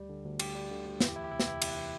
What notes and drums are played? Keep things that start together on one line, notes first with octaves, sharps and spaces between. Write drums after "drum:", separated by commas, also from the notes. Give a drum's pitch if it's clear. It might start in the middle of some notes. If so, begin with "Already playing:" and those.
Already playing: D2 G3
D3
D2
D2 G4, drum: cymbal
G3
D3
D2
E2 E4, drum: snare
G4
E3 E4
G4
C3 E4
G4, drum: snare
E2 E4
E2 G4, drum: cymbal
E3